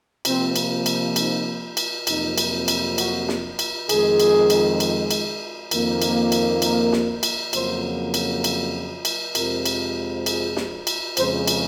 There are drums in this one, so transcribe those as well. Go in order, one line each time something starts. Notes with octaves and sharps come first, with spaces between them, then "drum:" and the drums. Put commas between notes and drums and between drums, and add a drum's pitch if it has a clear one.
C3 F3 A#3 C4, drum: cymbal
drum: cymbal
drum: cymbal
D#4, drum: cymbal
drum: cymbal
F2 C3 F#3 A#3 D#4, drum: cymbal
drum: cymbal
drum: cymbal
F#4, drum: cymbal
drum: snare
drum: cymbal
F2 D#3 G#3 G#4, drum: cymbal
drum: cymbal
drum: cymbal
drum: cymbal
drum: cymbal
F2 D#3 A#3, drum: cymbal
drum: cymbal
drum: cymbal
A#4, drum: cymbal
drum: snare
drum: cymbal
F2 C#3 F#3 A#3 C5, drum: cymbal
drum: cymbal
drum: cymbal
drum: cymbal
F2 C3 F3 G#3 A#4, drum: cymbal
drum: cymbal
G#4, drum: cymbal
drum: snare
drum: cymbal
F2 C#3 G#3 C5, drum: cymbal
drum: cymbal